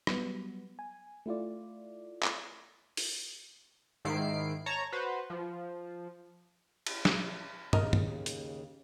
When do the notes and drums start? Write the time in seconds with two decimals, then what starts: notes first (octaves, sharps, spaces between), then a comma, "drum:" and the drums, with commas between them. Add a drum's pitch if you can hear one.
0.07 F#3 G3 B3, drum: rim click
0.79 G#5
1.26 A3 E4 F4 D5
2.23 drum: clap
2.97 drum: open hi-hat
4.05 G#2 D#3 E4 C7 D7
4.66 C#5 A5 A#5
4.92 F#4 B4 C5
5.30 F3
6.87 drum: cymbal
7.05 drum: snare
7.73 D#2 C#3 A#4 D#5, drum: tom
7.93 drum: tom
8.26 drum: hi-hat